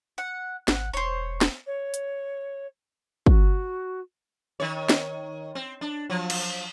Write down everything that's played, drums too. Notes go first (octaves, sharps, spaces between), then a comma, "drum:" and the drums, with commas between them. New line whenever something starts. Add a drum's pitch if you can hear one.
F#5
G#1 F#5, drum: snare
E1 C5 C#5
drum: snare
C#5
drum: hi-hat
F#4, drum: kick
D#3 C#5
drum: snare
C4
D4
F3 F#3
drum: cymbal